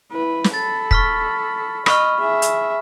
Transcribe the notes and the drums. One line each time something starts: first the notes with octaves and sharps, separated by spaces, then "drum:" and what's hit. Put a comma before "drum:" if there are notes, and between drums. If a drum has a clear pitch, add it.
E4 B4
drum: snare
A4 B5 A6
C#6 F6 B6, drum: kick
D#5 B5 C#6 F6, drum: rim click
G#4 E5
drum: hi-hat